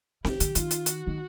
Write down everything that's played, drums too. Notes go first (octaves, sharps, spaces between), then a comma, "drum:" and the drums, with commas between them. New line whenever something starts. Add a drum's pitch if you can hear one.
D#3 G4, drum: snare C4
D3, drum: hi-hat
D#3 F4, drum: hi-hat
drum: hi-hat
F#4, drum: hi-hat
D#3